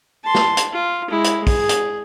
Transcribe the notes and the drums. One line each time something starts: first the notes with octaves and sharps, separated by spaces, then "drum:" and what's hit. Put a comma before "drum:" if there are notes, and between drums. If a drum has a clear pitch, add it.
A5 C6
drum: snare
drum: hi-hat
F4
G#3 E4
drum: hi-hat
G#4, drum: kick, open hi-hat
drum: hi-hat